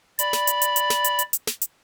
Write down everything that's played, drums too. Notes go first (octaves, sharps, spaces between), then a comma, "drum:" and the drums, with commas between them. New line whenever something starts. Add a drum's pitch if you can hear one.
D5 B5, drum: hi-hat
drum: snare
drum: hi-hat
drum: hi-hat
drum: hi-hat
drum: snare
drum: hi-hat
drum: hi-hat
drum: hi-hat
drum: snare
drum: hi-hat